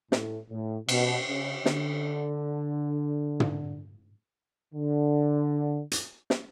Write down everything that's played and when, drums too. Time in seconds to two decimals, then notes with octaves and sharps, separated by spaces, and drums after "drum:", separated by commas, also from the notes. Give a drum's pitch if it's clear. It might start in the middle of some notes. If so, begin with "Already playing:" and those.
0.12 A2, drum: snare
0.50 A2
0.89 B2, drum: cymbal
1.28 C#3
1.66 D3, drum: snare
3.40 drum: tom
4.74 D3
5.91 drum: hi-hat
6.30 drum: snare